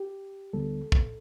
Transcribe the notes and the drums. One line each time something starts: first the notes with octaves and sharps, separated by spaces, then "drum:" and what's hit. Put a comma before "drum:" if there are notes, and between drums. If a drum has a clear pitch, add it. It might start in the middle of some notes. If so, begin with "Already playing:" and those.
Already playing: G4
D2 D3 G3 B3 A4
drum: kick